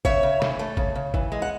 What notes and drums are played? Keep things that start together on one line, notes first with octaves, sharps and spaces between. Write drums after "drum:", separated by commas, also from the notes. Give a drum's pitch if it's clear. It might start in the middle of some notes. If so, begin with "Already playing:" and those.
C#3 C#5 E5, drum: kick G#1
C#3
E3, drum: snare
A3
C#3, drum: kick G#1
C#3
E3, drum: kick G#1
G#3
F#5